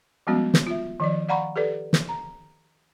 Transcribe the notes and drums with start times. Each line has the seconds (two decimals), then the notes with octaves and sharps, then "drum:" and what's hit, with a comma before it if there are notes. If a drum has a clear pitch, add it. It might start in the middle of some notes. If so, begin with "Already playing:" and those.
0.27 F3 G3 G#3 B3 C#4 F#4
0.54 drum: snare
0.67 F4 E5
1.00 D#3 F3 D5
1.29 D5 F5 F#5 A#5 B5 C#6
1.56 G4 A4 B4 D5
1.93 drum: snare
2.09 A#5